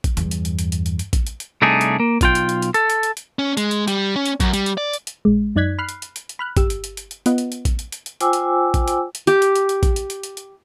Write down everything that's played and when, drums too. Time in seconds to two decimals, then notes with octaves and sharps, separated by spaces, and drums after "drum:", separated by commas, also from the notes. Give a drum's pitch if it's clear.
0.04 drum: kick, hi-hat
0.17 E2 G2, drum: hi-hat
0.31 drum: hi-hat
0.45 drum: hi-hat
0.59 drum: hi-hat
0.72 drum: hi-hat
0.86 drum: hi-hat
0.99 drum: hi-hat
1.13 drum: kick, hi-hat
1.27 drum: hi-hat
1.40 drum: hi-hat
1.62 C2 A3 D4 D#4 G#4
1.81 drum: hi-hat
2.00 A#3
2.21 B1 F4 G5, drum: kick, hi-hat
2.35 drum: hi-hat
2.49 drum: hi-hat
2.62 drum: hi-hat
2.74 A4, drum: hi-hat
2.90 drum: hi-hat
3.03 drum: hi-hat
3.17 drum: hi-hat
3.39 C#4
3.57 G#3, drum: hi-hat
3.71 drum: hi-hat
3.88 G3, drum: hi-hat
4.16 C#4
4.26 drum: hi-hat
4.40 F#2, drum: kick, hi-hat
4.53 G3, drum: hi-hat
4.66 drum: hi-hat
4.78 D5
4.93 drum: hi-hat
5.07 drum: hi-hat
5.25 A#1 G#3
5.56 F#2 D#4 D5 F#6 G#6 B6
5.79 B5 F6 F#6 C7
5.89 drum: hi-hat
6.02 drum: hi-hat
6.16 drum: hi-hat
6.29 drum: hi-hat
6.39 B5 F6 F#6
6.57 G1 G4 E6, drum: kick, hi-hat
6.70 drum: hi-hat
6.84 drum: hi-hat
6.97 drum: hi-hat
7.11 drum: hi-hat
7.26 B3 F4 B4 D#5 F#5, drum: hi-hat
7.38 drum: hi-hat
7.52 drum: hi-hat
7.65 drum: kick, hi-hat
7.79 drum: hi-hat
7.92 drum: hi-hat
8.06 drum: hi-hat
8.20 F4 C5 G5 G#5 D6 E6, drum: hi-hat
8.33 drum: hi-hat
8.74 drum: kick, hi-hat
8.88 drum: hi-hat
9.15 drum: hi-hat
9.27 G4, drum: hi-hat
9.42 drum: hi-hat
9.56 drum: hi-hat
9.69 drum: hi-hat
9.83 drum: kick, hi-hat
9.96 drum: hi-hat
10.10 drum: hi-hat
10.23 drum: hi-hat
10.37 drum: hi-hat